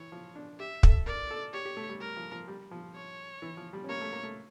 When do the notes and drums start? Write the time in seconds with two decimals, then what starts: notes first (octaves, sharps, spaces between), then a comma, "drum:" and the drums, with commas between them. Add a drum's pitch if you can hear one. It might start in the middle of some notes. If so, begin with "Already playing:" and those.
Already playing: E3 C#5
0.12 F3
0.35 D4
0.59 G4 E5
0.83 A4, drum: kick
1.06 A#4 D5
1.31 A4
1.53 G4 C#5
1.65 G4
1.77 A3
1.89 G3
2.00 G3 A#4
2.16 F3
2.32 F3
2.48 G3
2.71 F3
2.95 C#5
3.42 E3
3.57 F3
3.73 G3
3.84 C#4
3.89 A#3 C#5
4.01 A3
4.12 A#3
4.23 A3